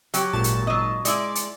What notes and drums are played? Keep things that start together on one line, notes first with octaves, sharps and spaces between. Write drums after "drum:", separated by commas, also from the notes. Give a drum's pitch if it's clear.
F#3 G4, drum: hi-hat
G#1 A#2 A5
drum: hi-hat
F#3 D#5
G#3 E4 D5, drum: hi-hat
drum: hi-hat